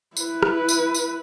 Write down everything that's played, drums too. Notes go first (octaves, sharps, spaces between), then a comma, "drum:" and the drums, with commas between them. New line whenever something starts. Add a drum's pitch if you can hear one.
E4 B4, drum: tambourine
drum: rim click
drum: tambourine
drum: tambourine